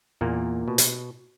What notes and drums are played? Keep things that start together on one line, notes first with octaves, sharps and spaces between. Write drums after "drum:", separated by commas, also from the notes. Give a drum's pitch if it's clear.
E2 A#2 A#3
B2
drum: hi-hat